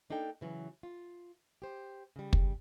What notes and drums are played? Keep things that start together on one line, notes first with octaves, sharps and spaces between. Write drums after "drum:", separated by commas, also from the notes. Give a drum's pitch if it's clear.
A#3 D4 D#4 A4 G5
C#3 E3 F#3
F4
G4 C5
C#3 G3
drum: kick